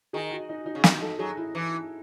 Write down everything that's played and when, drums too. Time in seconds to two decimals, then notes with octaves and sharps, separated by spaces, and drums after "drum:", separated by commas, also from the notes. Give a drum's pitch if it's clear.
0.13 D#3 G#4
0.31 F#4
0.49 D#4
0.66 D#4
0.75 C#3
0.84 D#3 D#4, drum: snare
1.02 A4
1.19 F#3 G#4
1.37 E4
1.55 E3